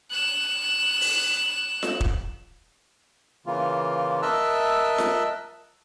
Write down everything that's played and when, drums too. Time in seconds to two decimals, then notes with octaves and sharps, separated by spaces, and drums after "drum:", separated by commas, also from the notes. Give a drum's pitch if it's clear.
0.11 F#6 E7
1.01 drum: open hi-hat
1.83 drum: snare F4
2.01 drum: kick
3.46 C#3 E3 A#3 F4
4.22 A#4 D#5 E5 A5 E6 F#6
4.98 drum: snare F4